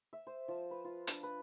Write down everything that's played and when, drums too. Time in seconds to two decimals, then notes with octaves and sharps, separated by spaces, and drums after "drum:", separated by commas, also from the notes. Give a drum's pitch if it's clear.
0.13 E5
0.27 C5
0.48 F3
0.71 B4
0.85 F4
1.07 D4, drum: hi-hat
1.23 B4